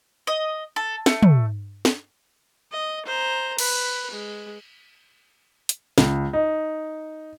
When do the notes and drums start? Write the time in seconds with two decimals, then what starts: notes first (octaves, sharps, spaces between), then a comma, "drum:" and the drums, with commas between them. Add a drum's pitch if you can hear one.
0.27 D#5
0.76 A4
1.06 A3, drum: snare
1.23 drum: tom
1.85 drum: snare
2.72 D#5
3.06 C5 A#5
3.58 B4, drum: cymbal
4.11 G#3
5.69 drum: hi-hat
5.98 C#2, drum: snare
6.33 D#4